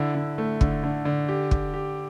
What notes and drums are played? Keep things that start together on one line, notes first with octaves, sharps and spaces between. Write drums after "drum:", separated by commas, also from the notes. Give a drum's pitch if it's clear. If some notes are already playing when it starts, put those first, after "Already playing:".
Already playing: D3 E4
D3
A3
D3, drum: kick
D3
D3
G4
G4, drum: kick
G4